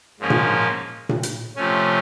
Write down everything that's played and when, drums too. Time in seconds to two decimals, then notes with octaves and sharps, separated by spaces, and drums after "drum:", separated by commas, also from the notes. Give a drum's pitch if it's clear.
0.20 G#2 F3 A#3 C#4
0.30 drum: tom A#2
1.09 drum: tom A#2
1.23 drum: hi-hat
1.56 C3 F3 A3 C#4